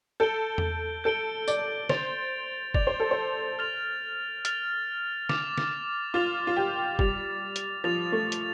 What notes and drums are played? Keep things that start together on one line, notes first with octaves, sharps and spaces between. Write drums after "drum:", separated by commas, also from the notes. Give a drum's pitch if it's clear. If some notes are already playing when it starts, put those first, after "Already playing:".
A4 G6 D7 G7
drum: tom E2
A4 G6 D7 G7
D5, drum: tambourine
C5 A6 F7, drum: snare
D5 A6 F7, drum: kick
C5
A4
C5
F6 A6 F7
F6 A6 F7, drum: hi-hat
D6 A6 F7, drum: snare
drum: snare
F4 D6 A6 F7
F4
G4
G3 A6 F7, drum: kick
drum: hi-hat
F3 A6 F7
A3
drum: hi-hat